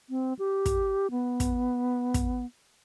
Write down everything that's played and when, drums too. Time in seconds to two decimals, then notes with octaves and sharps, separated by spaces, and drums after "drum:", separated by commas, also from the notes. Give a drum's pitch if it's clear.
0.10 C4
0.39 G4
0.66 drum: kick, hi-hat
1.11 B3
1.40 drum: kick, hi-hat
2.14 drum: kick, hi-hat